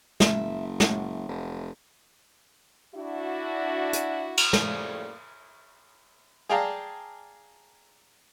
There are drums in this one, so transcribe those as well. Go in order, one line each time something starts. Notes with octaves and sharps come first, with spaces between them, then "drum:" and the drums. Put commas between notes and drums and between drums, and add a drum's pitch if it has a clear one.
F#1 E5, drum: snare
F#2, drum: snare
F1
D4 E4 F#4
drum: hi-hat
drum: cymbal
A2 C#3 F3 G3 A3 A#3, drum: snare
G#4 D5 F5 G5 A5 A#5